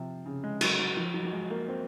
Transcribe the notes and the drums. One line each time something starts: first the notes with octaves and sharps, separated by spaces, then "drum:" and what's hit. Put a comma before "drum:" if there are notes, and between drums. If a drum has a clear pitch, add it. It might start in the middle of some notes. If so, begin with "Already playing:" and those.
Already playing: C3 F3
C#3
G#3
F#3, drum: cymbal
F#3
F3
F#3
F#3
G#3
A#3
C4